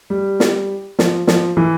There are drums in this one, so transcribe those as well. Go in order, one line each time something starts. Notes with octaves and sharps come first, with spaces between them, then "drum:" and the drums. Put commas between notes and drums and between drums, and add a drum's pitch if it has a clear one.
G3
drum: snare
F3, drum: snare
F3, drum: snare
E3